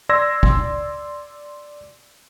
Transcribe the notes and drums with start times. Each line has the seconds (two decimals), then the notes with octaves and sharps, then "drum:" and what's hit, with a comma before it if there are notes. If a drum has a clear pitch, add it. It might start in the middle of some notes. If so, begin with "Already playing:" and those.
0.09 D5 C6 E6 G#6 A#6
0.43 drum: kick